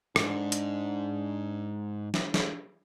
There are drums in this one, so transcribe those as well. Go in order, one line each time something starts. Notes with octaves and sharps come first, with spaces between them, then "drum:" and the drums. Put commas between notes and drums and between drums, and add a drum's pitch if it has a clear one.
G#2 D4, drum: rim click
drum: hi-hat
drum: snare
drum: snare